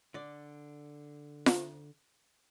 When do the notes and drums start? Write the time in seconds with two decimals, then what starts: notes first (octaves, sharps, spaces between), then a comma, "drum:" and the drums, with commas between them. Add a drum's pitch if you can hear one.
0.14 D3 D5
1.46 drum: snare F4